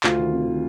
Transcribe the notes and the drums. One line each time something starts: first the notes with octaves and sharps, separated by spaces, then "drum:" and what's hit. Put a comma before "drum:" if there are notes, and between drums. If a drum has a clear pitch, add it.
D2 F4, drum: clap
D#3
C3
D#3